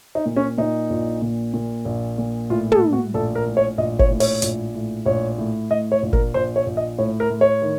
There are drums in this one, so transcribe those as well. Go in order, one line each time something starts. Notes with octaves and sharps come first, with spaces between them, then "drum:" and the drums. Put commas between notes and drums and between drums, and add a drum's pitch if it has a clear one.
D#4
A#2
C#4
A#2 D#4
A#1
A#2
A#2
A#1
A#2
A2 F4
A4, drum: tom
A2
F#4
A#1 A4
A#4
A2
C#5
A#1 D#5
C#5, drum: kick G1
A2
C#5, drum: open hi-hat
A#1, drum: hi-hat
A2
A#1 C#5
A2
A2 D#5
C#5
A#1
A#4, drum: kick G1
A#1 C5
C#5
A#1
D#5
A2 C#5
A#4
A2
C#5
D#3